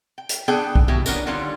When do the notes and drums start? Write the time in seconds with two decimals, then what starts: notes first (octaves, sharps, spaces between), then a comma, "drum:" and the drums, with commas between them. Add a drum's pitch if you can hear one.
0.18 G5
0.29 drum: hi-hat
0.48 B3 D4 G#4 A4 D5 G5
0.75 drum: kick B1
0.88 B2 E4 G4
1.06 B3 C#4 D4 A#4, drum: tambourine
1.27 D3 D#3 G3 C#4 F4